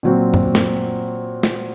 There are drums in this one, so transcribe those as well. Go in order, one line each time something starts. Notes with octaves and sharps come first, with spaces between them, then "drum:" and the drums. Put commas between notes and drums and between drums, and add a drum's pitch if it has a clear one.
A#2 F#3 C4
drum: tom F#2
drum: snare
drum: snare